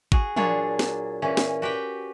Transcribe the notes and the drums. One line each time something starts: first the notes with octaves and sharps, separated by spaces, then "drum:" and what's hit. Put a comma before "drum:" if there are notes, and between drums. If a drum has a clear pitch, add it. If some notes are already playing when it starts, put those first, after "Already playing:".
F#4 G#4, drum: kick
A#2 F#3 D4 F4 G#4 C#5, drum: tom
drum: snare
A#2 E3 C#4
drum: snare
F#4 G4 B4 G5